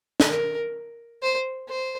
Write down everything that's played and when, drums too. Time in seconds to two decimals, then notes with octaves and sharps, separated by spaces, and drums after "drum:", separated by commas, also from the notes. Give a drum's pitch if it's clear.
0.20 drum: snare
0.29 A#4
1.23 C5
1.69 C5